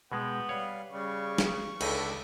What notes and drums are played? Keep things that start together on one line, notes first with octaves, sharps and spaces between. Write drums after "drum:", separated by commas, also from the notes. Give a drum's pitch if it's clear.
B2 G#3 B3 G5
G3 B4 C#5 F5
C#3 G3 C#6
drum: snare
C#2 D3 D#4 A4 G#5 B5, drum: cymbal